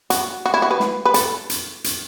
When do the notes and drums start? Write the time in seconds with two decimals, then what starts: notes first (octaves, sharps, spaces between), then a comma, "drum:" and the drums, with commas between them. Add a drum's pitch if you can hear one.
0.10 F#4, drum: hi-hat
0.46 F#4
0.54 E4
0.62 F#4
0.71 B4
0.80 drum: snare
1.05 B4
1.14 A4, drum: hi-hat
1.50 drum: hi-hat
1.84 drum: hi-hat